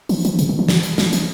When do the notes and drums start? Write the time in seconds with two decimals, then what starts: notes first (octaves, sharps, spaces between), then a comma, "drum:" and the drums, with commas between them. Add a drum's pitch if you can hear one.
0.09 E3, drum: open hi-hat
0.25 E3, drum: hi-hat
0.39 C3, drum: hi-hat
0.49 D3
0.59 E3
0.68 drum: snare
0.83 drum: hi-hat
0.98 F3, drum: snare
1.13 E3, drum: hi-hat